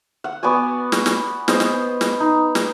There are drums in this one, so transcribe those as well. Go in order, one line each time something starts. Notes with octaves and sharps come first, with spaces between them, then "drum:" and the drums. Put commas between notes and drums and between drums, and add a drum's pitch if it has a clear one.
F#5
B3 F#4 D5 G#5
drum: snare
drum: snare
B3 C5 D#5, drum: snare
drum: snare
drum: snare
D#4
drum: snare